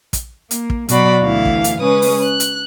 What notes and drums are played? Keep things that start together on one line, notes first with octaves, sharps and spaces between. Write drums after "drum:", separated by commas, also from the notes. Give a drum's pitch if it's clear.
drum: kick, hi-hat
A#3, drum: hi-hat
drum: kick
B2 F#3 F#4 D5 B5, drum: hi-hat
D2 E3 F5
drum: kick
drum: hi-hat
C#3 G#3 C#4 B4 D#6
drum: open hi-hat
F#6
drum: hi-hat